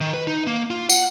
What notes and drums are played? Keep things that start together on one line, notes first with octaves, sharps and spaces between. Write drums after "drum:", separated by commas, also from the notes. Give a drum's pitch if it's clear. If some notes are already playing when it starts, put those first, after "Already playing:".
D#3
B4
D#4
A#3
F4
F#5, drum: tambourine